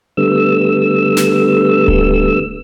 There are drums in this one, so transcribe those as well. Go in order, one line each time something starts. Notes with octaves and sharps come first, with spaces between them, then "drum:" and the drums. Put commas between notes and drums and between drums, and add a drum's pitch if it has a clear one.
D3 G3 A3 B3 E6
drum: snare
drum: kick D1